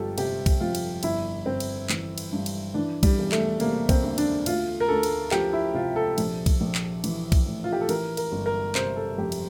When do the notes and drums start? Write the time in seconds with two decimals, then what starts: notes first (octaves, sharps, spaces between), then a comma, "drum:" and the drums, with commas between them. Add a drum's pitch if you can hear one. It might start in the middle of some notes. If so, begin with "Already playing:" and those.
Already playing: G1 F3 F4 G4 A4
0.18 C3 G4, drum: cymbal
0.46 drum: kick B1, cymbal
0.61 F2 F4
0.75 drum: cymbal
1.03 G1 E4, drum: cymbal
1.46 G1 C4
1.60 drum: cymbal
1.89 E3, drum: clap
2.18 drum: cymbal
2.32 G2
2.46 drum: cymbal
2.74 E3 D4
3.03 G3, drum: kick B1, cymbal
3.18 E1
3.32 A3, drum: clap
3.60 C3 A#3, drum: cymbal
3.89 C4, drum: kick B1, cymbal
4.03 D2
4.18 D4, drum: cymbal
4.46 D2 F4, drum: cymbal
4.80 A#4
4.88 D2 A4
5.03 drum: cymbal
5.31 F3 G4, drum: clap
5.53 E4
5.74 C3 F4
5.96 A4
6.18 A#1, drum: cymbal
6.46 drum: kick B1, cymbal
6.61 A#1
6.75 drum: clap
7.04 E3, drum: cymbal
7.32 drum: kick B1, cymbal
7.46 A2
7.64 F4
7.72 G4
7.81 A4
7.89 E3 A#4, drum: cymbal
8.17 A#4, drum: cymbal
8.32 G1
8.46 A#4
8.75 C3 C5, drum: clap
8.96 A4
9.18 F2 G4
9.32 drum: cymbal